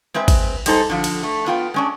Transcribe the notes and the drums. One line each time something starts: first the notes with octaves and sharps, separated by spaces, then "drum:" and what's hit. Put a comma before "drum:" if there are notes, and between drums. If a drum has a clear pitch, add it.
G#3 C4 B4 E5
drum: kick G#1, cymbal
G3 G#3 D#4 A4 C5, drum: cymbal
D3 F3
drum: cymbal
A3
B3 F4 G5
G#3 C#4 D4